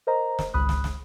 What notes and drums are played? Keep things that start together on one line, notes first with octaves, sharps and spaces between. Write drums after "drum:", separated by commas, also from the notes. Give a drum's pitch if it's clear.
A#4 C5 D#5 A#5
drum: snare
G#1 C#2 B5 D#6 F#6
drum: snare
drum: snare